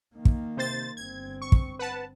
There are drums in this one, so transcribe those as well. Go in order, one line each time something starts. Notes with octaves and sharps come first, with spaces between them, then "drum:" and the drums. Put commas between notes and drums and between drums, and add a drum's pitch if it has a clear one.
D#3 A#3
drum: kick
C3 C5 A6
G1 C4 G#6
C#6
drum: kick
B4 F#5 A5